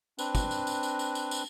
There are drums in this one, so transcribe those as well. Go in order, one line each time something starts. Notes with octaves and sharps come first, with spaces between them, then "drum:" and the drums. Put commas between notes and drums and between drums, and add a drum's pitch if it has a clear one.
C4 D4 B4, drum: tambourine
drum: kick, tambourine
drum: tambourine
drum: tambourine
drum: tambourine
drum: tambourine
drum: tambourine
drum: tambourine